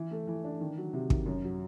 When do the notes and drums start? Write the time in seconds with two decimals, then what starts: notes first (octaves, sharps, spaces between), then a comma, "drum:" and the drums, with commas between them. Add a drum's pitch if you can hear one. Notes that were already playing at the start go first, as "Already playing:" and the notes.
Already playing: E3
0.11 A3
0.27 E3
0.44 D4
0.61 D#3
0.77 F#3
0.93 C3
1.10 D#3, drum: kick
1.26 F#2
1.44 F#3